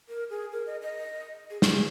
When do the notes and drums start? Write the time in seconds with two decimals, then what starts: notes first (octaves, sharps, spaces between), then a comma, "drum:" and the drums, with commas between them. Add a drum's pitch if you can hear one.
0.09 A#4
0.30 G#4
0.52 A#4
0.66 D#5
0.82 D#5
1.50 G#4
1.62 G#4, drum: snare
1.72 G#4